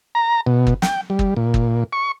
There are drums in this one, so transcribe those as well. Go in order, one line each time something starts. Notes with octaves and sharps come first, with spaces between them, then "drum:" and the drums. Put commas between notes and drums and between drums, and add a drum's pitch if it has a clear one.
A#5
B2
drum: kick
G5, drum: snare
G3
drum: kick
A#2
drum: kick
C#6